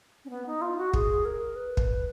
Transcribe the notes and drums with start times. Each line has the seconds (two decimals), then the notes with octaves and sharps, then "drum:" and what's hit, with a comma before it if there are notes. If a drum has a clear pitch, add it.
0.25 C#4
0.30 B3
0.46 D#4
0.62 F4
0.77 F#4
0.94 G#4, drum: kick
1.25 A#4
1.56 B4
1.77 drum: kick